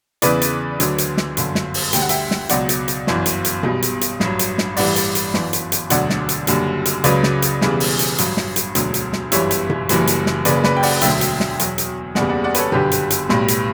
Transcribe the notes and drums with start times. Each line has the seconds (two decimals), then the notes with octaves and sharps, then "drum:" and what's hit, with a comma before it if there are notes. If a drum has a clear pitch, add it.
0.22 E2 C#3 E3 B4 D5, drum: hi-hat
0.42 drum: hi-hat
0.80 D2 D3 F#3, drum: hi-hat
0.98 drum: hi-hat
1.17 drum: snare
1.37 G1 F#2 D3, drum: hi-hat
1.55 drum: snare
1.74 drum: open hi-hat
1.93 D2 D3 G3 G5, drum: hi-hat
2.02 F#5
2.09 E5 G5, drum: hi-hat
2.31 drum: snare
2.49 C#2 B2 F#3 D5 F#5, drum: hi-hat
2.69 drum: hi-hat
2.88 drum: hi-hat
3.07 G1 F#2 E3, drum: snare
3.26 drum: hi-hat
3.45 drum: hi-hat
3.63 B1 B2 G3, drum: tom B2
3.82 drum: hi-hat
4.01 drum: hi-hat
4.20 A1 G2 F#3, drum: snare
4.39 drum: hi-hat
4.58 drum: snare
4.77 A1 G2 E3 G3 D5 F#5, drum: open hi-hat
4.96 drum: hi-hat
5.15 drum: hi-hat
5.34 G1 F#2 E3, drum: snare
5.53 drum: hi-hat
5.72 drum: hi-hat
5.90 E1 D2 D3 F#3 D5 F#5, drum: hi-hat
6.10 drum: snare
6.29 drum: hi-hat
6.47 F#1 F#2 D3 G3, drum: hi-hat
6.85 drum: hi-hat
7.04 C#2 C#3 F#3 B4 D5, drum: hi-hat
7.23 drum: snare
7.42 drum: hi-hat
7.61 E1 E2 C#3 E3 G3, drum: snare
7.80 drum: open hi-hat
7.99 drum: hi-hat
8.18 A1 G2 F#3, drum: hi-hat
8.37 drum: snare
8.56 drum: hi-hat
8.75 E1 D2 D3 F#3, drum: hi-hat
8.94 drum: hi-hat
9.13 drum: snare
9.32 G1 F#2 E3 G3 C#5 E5, drum: hi-hat
9.51 drum: hi-hat
9.70 drum: tom B2
9.89 F#1 F#2 E3 G3, drum: hi-hat
10.07 drum: hi-hat
10.26 drum: snare
10.45 F#1 F#2 C#3 B4 D5, drum: hi-hat
10.64 B4 D5, drum: snare
10.77 G5
10.83 D5 F#5, drum: open hi-hat
11.02 E1 D2 D3 F#3 E5 G5, drum: hi-hat
11.21 drum: hi-hat
11.40 drum: snare
11.60 E2 B2 F#3, drum: hi-hat
11.78 drum: hi-hat
12.15 F#1 E2 C#3 G3 D5 F#5, drum: snare
12.29 D5 F#5
12.44 D5 F#5
12.55 B4, drum: hi-hat
12.58 A4 C#5
12.72 G1 F#2 D3 G3 G4 B4, drum: tom B2
12.92 drum: hi-hat
13.10 drum: hi-hat
13.29 B1 A2 G3, drum: snare
13.48 drum: hi-hat